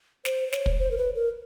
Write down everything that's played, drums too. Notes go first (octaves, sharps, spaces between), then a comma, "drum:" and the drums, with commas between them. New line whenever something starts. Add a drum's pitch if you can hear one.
C5, drum: snare
C5
C#5, drum: snare
drum: kick
C5
A#4
B4
A#4